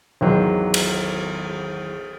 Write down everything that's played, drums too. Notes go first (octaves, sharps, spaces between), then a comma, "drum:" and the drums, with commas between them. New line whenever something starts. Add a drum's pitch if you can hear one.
G#1 E2 D#3 F#3 C5
drum: cymbal